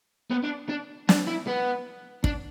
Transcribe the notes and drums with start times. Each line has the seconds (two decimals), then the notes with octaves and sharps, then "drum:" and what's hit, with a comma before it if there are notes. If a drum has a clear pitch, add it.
0.30 B3
0.43 D4
0.69 D4
1.09 D4, drum: snare
1.27 E4
1.47 B3
2.24 D4, drum: kick